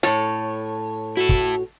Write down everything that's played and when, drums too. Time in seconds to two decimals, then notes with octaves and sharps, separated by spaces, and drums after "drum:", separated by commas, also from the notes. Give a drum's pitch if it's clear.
0.03 A2 C#5 A5, drum: snare
1.17 E4 F#4 A4
1.29 drum: kick